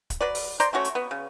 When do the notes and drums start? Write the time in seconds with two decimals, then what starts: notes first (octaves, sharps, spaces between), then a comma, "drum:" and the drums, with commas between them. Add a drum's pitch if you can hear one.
0.10 drum: kick, hi-hat
0.21 F#3 B4 D5
0.35 drum: open hi-hat
0.60 C5 D5 A#5 C6, drum: hi-hat
0.73 A3 C#4 F#4 C#5
0.85 drum: hi-hat
0.95 B3
1.11 C#3